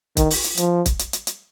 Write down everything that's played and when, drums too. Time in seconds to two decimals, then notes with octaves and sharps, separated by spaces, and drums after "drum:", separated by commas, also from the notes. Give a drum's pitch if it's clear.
0.17 D#3, drum: kick, hi-hat
0.30 drum: open hi-hat
0.44 drum: hi-hat
0.57 F3, drum: hi-hat
0.86 drum: kick, hi-hat
0.99 drum: hi-hat
1.13 drum: hi-hat
1.27 drum: hi-hat